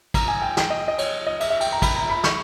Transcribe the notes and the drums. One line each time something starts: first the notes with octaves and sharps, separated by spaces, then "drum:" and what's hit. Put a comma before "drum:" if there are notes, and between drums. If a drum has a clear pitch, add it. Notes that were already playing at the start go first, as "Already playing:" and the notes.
A#5, drum: kick, cymbal
G#5
G5
G5, drum: snare
D#5
D#5
C#5, drum: cymbal
D#5
E5, drum: cymbal
E5
G5, drum: cymbal
A#5
B5, drum: kick, cymbal
A#5
B5
C#6, drum: snare